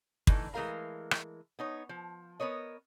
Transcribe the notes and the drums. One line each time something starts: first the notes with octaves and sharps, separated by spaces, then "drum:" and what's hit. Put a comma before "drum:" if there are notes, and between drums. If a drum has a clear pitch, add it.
D3 E3 A3 D#4, drum: kick
E3 G#3 A3 A#4 F5 A#5
drum: rim click
B3 D#4 C#5
F3
B3 A#4 C#5 D#5